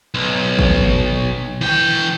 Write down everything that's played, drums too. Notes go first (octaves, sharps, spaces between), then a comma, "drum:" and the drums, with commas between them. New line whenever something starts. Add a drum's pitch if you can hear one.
B1
drum: kick G#1
drum: tom A#2
E3 G5